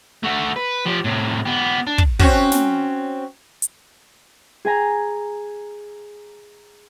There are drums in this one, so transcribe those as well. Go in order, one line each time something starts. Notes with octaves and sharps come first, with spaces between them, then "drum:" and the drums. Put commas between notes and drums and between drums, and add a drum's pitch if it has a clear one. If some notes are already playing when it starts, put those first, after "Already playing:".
A3 F#4
B4
F3 G4
A2 C3
B3 G4
D4
drum: kick
C4 C#4 F#4, drum: kick
drum: snare
drum: hi-hat
G#4 G#5 A#5